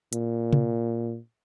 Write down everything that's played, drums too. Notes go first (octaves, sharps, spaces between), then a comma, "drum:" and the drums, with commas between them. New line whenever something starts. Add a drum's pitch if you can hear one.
A#2, drum: hi-hat
drum: tom C3